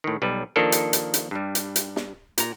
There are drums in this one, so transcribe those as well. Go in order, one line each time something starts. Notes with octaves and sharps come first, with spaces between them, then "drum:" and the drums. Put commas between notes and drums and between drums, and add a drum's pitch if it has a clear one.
A2 D#3
B1 G3 B4
D#3 F3 A#3 D4 A4 A#4
drum: hi-hat
drum: hi-hat
drum: hi-hat
G2 G3
drum: hi-hat
drum: hi-hat
drum: snare
A#2 A#5, drum: hi-hat